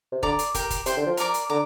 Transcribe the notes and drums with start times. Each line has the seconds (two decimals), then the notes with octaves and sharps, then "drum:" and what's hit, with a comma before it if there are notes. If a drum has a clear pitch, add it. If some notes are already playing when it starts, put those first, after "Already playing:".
0.12 C3
0.23 D3 D5 A#5 D6, drum: kick
0.39 drum: hi-hat
0.54 G4 A#4 G5, drum: kick, hi-hat
0.70 drum: kick, hi-hat
0.86 C3 C5 G5 C6, drum: hi-hat
0.97 D3
1.07 F3
1.17 A#4 D5 A#5 D6, drum: hi-hat
1.34 drum: hi-hat
1.50 D3 A#5 D6